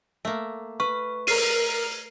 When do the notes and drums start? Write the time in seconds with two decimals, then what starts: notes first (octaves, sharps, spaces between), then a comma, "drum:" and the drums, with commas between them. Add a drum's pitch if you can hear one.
0.25 A3 A#3
0.80 B4 C#6
1.27 A#4 F6 C7 D#7, drum: open hi-hat